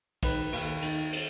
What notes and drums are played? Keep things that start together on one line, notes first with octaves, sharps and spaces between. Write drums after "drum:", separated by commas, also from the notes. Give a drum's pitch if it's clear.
D#3 B4, drum: kick, cymbal
D#2, drum: cymbal
D#3, drum: cymbal
drum: cymbal